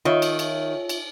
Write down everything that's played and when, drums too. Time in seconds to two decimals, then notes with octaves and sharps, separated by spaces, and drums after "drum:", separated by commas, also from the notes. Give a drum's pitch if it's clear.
0.05 D#3 F4 C#5 E5
0.22 drum: cymbal
0.39 drum: cymbal
0.89 drum: cymbal